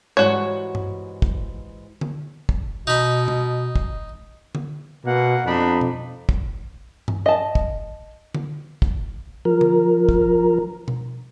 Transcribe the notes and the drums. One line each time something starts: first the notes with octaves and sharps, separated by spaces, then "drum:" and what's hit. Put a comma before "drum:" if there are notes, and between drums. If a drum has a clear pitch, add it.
G#2 E3 G3 F#4 C#5
drum: tom G2
drum: kick
drum: tom D3
drum: kick
B2 D#4 B5
drum: tom B2
drum: kick
drum: tom D3
B2 A#3 F#5
F2 D4 D#4 B5
drum: tom B2
drum: kick
drum: tom G2
D#5 A5
drum: kick
drum: tom D3
drum: kick
F3 A#4
drum: tom D3
drum: kick
drum: tom B2